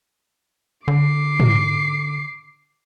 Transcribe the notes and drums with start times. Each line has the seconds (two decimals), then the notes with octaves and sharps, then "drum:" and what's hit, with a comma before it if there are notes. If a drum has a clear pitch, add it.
0.88 D3 D6 C7
1.40 drum: tom G#2